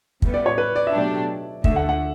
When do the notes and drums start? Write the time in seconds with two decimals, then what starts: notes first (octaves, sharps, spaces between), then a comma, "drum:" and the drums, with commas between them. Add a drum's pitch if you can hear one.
0.22 A2 G3 B3, drum: kick
0.34 D5
0.46 C#5
0.58 B4
0.76 D5
0.87 E5
0.93 B2 F#3 A3 D4 G4 D5
1.64 D2 D3 A3 E5, drum: kick
1.76 F#5
1.89 F#5